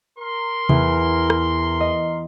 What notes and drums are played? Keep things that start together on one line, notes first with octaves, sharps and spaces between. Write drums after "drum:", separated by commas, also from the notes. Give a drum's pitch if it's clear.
A#4 C6
E2, drum: tom C3
drum: rim click
D#5